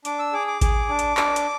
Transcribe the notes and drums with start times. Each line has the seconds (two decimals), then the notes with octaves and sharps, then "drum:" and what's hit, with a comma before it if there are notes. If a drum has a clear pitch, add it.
0.05 D4 D6, drum: hi-hat
0.19 E6
0.33 G#4 D6
0.47 D6
0.61 G#4, drum: kick A1, hi-hat
0.89 D4
0.99 drum: hi-hat
1.17 D4, drum: clap
1.36 drum: hi-hat